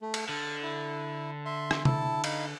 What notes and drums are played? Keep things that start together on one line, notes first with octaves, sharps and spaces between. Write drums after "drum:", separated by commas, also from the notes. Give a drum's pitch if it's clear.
A3
drum: cymbal
D3 F6
E4
E5 C6
drum: rim click
E4 A4 A5, drum: tom
D#4 F5 B5, drum: cymbal